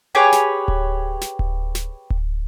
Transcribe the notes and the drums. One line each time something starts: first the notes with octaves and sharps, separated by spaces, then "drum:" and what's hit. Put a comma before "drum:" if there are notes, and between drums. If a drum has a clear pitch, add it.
G4 G#4 B4 C#5
drum: snare
drum: kick D1
drum: snare
drum: kick D1
drum: snare
drum: kick D1